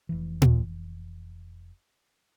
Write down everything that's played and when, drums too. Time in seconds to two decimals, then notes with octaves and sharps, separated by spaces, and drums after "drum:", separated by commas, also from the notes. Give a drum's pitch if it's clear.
0.09 F1 E3
0.42 drum: tom A#2